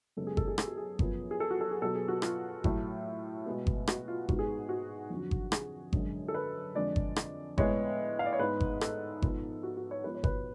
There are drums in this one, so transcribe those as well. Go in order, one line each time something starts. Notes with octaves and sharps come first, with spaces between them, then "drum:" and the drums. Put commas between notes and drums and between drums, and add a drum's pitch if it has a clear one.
F#2 C#3 G#3 B3 A4
G#4
A4, drum: kick G1
G#4
G#4, drum: rim click
F#4
G#4
F#2 F3 B3, drum: kick G1
G#4
A4
F#4
A4
G#4
B2 F#3 B3 A4
G#4
F#4
F4, drum: rim click
A2 F#3 A3, drum: kick G1
B2 G#3 B3
drum: kick G1
F#4, drum: rim click
F4
G#2 G#3 B3 F#4, drum: kick G1
G#4
F#4
F2 D3 F#3
drum: kick G1
G#4, drum: rim click
F#2 D3 G#3, drum: kick G1
A4
B4
F2 D3 G#3 D5
drum: kick G1
drum: rim click
A2 G#3 B3 C#5, drum: kick G1
F5
D5
C#5
G#2 G#3 B3 B4
drum: kick G1
A4, drum: rim click
G#2 F3 B3, drum: kick G1
F#4
F#4
C#5
G#2 F3 B3 B4
C#5
B4, drum: kick G1